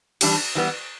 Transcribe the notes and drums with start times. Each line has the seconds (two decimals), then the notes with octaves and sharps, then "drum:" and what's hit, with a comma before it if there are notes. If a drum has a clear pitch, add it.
0.21 E3 G3 D4 G4, drum: cymbal
0.55 E3 G3 B3